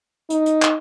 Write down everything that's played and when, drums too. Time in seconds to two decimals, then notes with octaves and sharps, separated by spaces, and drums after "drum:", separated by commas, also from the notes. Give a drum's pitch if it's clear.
0.30 D#4, drum: hi-hat
0.46 drum: hi-hat
0.62 drum: clap